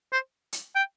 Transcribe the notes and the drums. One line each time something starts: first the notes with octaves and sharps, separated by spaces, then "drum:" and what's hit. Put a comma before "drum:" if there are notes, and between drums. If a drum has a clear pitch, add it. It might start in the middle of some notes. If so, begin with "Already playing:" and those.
C5
drum: hi-hat
G5